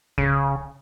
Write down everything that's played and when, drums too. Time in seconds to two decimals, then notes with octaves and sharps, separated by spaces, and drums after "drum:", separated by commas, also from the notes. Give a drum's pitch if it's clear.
0.18 C#3, drum: kick C2